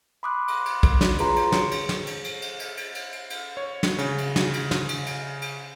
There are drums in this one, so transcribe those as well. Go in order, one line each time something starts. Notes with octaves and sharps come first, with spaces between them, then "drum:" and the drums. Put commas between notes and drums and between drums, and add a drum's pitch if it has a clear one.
B5 C6 D6 D#6 F#6
drum: cymbal
drum: cymbal
drum: kick A#1, cymbal
drum: snare
F4 G#4 B4 C#5 A#5 C6, drum: cymbal
drum: cymbal
G#4 C#5 C#7 D7, drum: snare
drum: cymbal
drum: snare
drum: cymbal
drum: cymbal
drum: cymbal
drum: cymbal
drum: cymbal
drum: cymbal
drum: cymbal
drum: cymbal
C#5
drum: snare
C#3, drum: cymbal
drum: cymbal
drum: snare
drum: cymbal
drum: snare
drum: cymbal
drum: cymbal
drum: cymbal